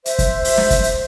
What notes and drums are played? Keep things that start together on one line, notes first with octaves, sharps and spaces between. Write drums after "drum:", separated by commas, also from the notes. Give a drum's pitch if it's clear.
C5 E5, drum: hi-hat
drum: kick, hi-hat
drum: open hi-hat
drum: snare
drum: kick, hi-hat
drum: hi-hat